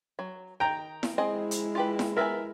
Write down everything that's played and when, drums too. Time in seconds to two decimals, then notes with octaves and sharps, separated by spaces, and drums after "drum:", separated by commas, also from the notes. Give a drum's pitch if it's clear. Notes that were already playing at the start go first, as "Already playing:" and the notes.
0.19 F#3
0.60 D#3 D#4 G5 A#5
1.03 drum: snare E4
1.18 G#3 C4 E4 G#4 D#5
1.51 drum: hi-hat
1.75 F4 G4 B4
1.99 drum: snare E4
2.17 B3 A#4 B4 E5 G#5